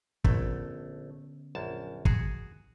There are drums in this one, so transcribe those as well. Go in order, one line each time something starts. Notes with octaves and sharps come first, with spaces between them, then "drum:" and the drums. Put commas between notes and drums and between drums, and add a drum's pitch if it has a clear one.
A#1 D3 A3 B3 C#4, drum: kick
A#1 F#2 A5
F#4 G#4, drum: kick